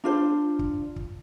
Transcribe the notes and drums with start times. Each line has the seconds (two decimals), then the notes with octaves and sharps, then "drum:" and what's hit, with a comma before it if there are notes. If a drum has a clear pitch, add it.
0.04 D4 F4 C5
0.59 drum: kick
0.96 drum: kick